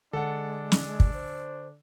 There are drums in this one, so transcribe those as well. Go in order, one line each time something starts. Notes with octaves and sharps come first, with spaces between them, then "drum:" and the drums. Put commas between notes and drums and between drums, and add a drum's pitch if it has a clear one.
D3 G#3 D4 A4 F#5
drum: snare
drum: kick
C5